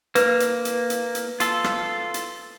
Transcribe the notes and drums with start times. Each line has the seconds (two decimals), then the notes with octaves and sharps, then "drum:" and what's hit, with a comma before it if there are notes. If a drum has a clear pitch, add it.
0.15 A#3 B4, drum: hi-hat
0.40 drum: hi-hat
0.65 drum: hi-hat
0.90 drum: hi-hat
1.15 drum: hi-hat
1.40 F4 A4, drum: hi-hat
1.64 drum: rim click
2.14 drum: hi-hat